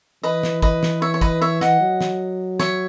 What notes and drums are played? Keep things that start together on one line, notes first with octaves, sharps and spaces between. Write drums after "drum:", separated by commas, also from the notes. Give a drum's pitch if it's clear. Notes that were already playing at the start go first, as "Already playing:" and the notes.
E3 B4 D#5
drum: snare
B4 D#5, drum: kick
drum: snare
C#5 E5
C#5
B4 D#5, drum: kick
C#5 E5
D#5 F#5, drum: snare
F#3
drum: snare
C#5 E5, drum: snare